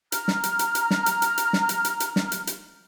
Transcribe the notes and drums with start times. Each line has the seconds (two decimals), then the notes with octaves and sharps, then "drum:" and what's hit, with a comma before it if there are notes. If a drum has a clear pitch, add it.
0.12 A#5 F6, drum: hi-hat
0.28 drum: snare
0.43 drum: hi-hat
0.59 drum: hi-hat
0.75 drum: hi-hat
0.91 drum: snare
1.06 drum: hi-hat
1.22 drum: hi-hat
1.38 drum: hi-hat
1.53 drum: snare
1.69 drum: hi-hat
1.85 drum: hi-hat
2.00 drum: hi-hat
2.16 drum: snare
2.32 drum: hi-hat
2.47 drum: hi-hat